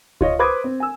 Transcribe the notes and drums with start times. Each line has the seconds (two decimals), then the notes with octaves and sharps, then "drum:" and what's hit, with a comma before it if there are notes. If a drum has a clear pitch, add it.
0.21 F4 C#5 D#5, drum: kick C#2
0.39 B4 C5 B5 D6 D#6 G#6
0.64 C4
0.80 G#5 E6